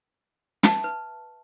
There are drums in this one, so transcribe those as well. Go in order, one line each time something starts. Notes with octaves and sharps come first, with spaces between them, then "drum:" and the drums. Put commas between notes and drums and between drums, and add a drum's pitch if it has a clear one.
E5 A5, drum: snare
B4